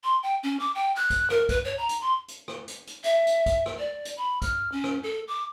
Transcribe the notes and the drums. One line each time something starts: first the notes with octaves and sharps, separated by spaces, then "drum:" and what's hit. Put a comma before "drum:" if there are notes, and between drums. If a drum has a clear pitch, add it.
C6
G5
C#4
D6
G5
F#6
drum: kick, hi-hat
A#4, drum: rim click
B4, drum: kick, hi-hat
C#5
A#5
drum: hi-hat
C6
drum: hi-hat
drum: rim click
drum: hi-hat
drum: hi-hat
E5, drum: hi-hat
drum: hi-hat
drum: kick, hi-hat
drum: rim click
D5
drum: hi-hat
B5
F6, drum: kick, hi-hat
C#4
drum: rim click
A4
D6